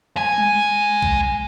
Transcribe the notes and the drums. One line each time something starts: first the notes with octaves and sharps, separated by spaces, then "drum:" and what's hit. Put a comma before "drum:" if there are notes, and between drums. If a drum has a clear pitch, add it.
G#3 G#5
drum: tom G3
drum: kick A#1